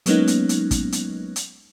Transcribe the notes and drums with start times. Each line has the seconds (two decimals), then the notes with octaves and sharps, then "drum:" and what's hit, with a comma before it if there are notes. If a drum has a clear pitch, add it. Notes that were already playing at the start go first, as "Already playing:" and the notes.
0.06 F#3 G#3 A#3 B3 C#4 D#4, drum: hi-hat
0.27 drum: hi-hat
0.49 drum: hi-hat
0.71 drum: kick, hi-hat
0.92 drum: hi-hat
1.36 drum: hi-hat